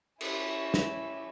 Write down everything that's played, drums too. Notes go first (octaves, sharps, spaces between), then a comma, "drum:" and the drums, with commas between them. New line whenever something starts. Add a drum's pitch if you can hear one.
C#4 E4, drum: cymbal
drum: snare